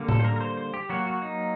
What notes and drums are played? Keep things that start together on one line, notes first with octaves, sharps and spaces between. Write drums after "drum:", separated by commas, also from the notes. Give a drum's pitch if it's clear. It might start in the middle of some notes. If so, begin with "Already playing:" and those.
Already playing: D3 G3 A#3
A4, drum: tom A2
C5
A#4
A#4
C5
C5
G4
F#3 A#3 F#4
F#4
D#4